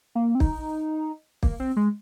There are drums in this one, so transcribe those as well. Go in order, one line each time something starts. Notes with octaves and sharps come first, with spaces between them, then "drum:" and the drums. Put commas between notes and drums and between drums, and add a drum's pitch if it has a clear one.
A#3
C4
D#4, drum: kick
A#3, drum: kick
C4
G#3